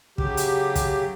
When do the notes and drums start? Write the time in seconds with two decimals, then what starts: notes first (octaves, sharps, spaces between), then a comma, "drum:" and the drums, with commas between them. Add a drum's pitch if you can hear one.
0.18 C#3 F#3 G4, drum: kick
0.37 drum: hi-hat
0.75 drum: kick, hi-hat